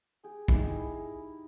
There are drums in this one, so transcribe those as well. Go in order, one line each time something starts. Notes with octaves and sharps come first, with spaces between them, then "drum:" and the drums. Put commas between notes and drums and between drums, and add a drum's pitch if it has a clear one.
G4 G#4
D#4 E4 G4, drum: kick